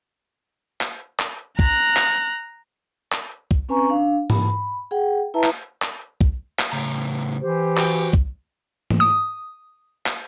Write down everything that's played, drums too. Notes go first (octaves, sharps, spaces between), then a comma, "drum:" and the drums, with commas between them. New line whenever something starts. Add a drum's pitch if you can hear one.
drum: clap
drum: clap
A#5 F#6, drum: kick
drum: clap
drum: clap
drum: kick
C4 C#4 B4 G#5 A#5 C#6
D4 F5
B5, drum: tom G#2
G#4 F#5 G5
E4 B4 E5 A5 A#5
drum: clap
drum: clap
drum: kick
drum: clap
A2 C#3 A#5
E3 G4 C5
F#4 G5, drum: clap
drum: kick
drum: tom
D#6
drum: clap